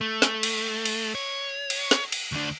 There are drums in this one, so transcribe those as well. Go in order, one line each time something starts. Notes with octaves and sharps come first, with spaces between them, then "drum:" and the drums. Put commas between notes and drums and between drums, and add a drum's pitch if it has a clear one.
A3
drum: snare
drum: cymbal
drum: cymbal
C#5
drum: cymbal
drum: snare
drum: cymbal
D2 D4